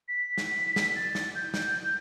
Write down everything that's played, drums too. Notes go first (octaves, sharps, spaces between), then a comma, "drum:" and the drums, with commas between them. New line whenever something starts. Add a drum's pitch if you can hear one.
B6
drum: snare
drum: snare
A6
drum: snare
G6
drum: snare